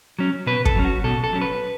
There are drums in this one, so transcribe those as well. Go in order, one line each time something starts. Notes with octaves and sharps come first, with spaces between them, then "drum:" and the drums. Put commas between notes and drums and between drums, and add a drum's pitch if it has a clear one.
F#3 C#4
B2 B4
A4, drum: kick
F#3 C#4
F#4
B2 A4
A4
F#3 C#4
B4